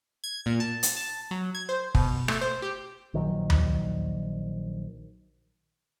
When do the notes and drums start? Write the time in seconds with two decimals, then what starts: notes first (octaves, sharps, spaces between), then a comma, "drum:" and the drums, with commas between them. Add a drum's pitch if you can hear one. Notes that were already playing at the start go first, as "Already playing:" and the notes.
0.24 G#6
0.46 A#2
0.60 A5
0.83 drum: hi-hat
0.97 A5
1.31 F#3
1.55 G#6
1.69 C5
1.95 B2, drum: kick
2.28 A3, drum: rim click
2.41 C5
2.62 G4
3.14 A#1 D#3 F#3
3.50 drum: tom D#2